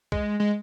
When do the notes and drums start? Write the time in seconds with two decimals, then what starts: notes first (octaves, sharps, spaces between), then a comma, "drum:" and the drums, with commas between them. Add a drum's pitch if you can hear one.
0.12 G#3, drum: kick B1
0.40 G#3